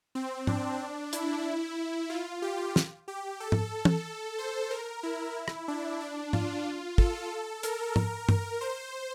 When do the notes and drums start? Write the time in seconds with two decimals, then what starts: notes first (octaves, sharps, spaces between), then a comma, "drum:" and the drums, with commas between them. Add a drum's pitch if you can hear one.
0.15 C4
0.47 D4, drum: tom G#2
1.13 E4, drum: hi-hat
2.10 F4
2.42 G4
2.76 drum: snare
3.08 G4
3.40 A4
3.52 drum: tom G#2
3.85 drum: tom
4.38 C5
4.71 A#4
5.03 E4
5.48 drum: rim click
5.68 D4
6.01 D4
6.33 F4, drum: tom G#2
6.98 A4, drum: kick
7.63 A#4, drum: hi-hat
7.96 A#4, drum: tom G#2
8.29 A#4, drum: tom
8.61 C5